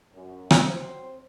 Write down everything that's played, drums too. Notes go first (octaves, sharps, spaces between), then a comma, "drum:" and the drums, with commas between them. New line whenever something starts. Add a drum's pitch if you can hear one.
F#2
drum: rim click
F#3 C4 C5